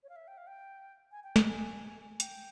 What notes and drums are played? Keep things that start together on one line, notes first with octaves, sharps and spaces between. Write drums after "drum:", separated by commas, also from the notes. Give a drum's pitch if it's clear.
C#5
F5
E5
G5
F5
G5
G#5
G5
G#5, drum: snare
G#5
G5, drum: hi-hat